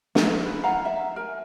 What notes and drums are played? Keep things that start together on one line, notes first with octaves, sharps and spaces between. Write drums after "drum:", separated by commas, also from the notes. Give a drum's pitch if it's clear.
D#4 E4 G#4 F5, drum: snare
B4
E4 F5 F#5 A#5
E5
A#4 G#5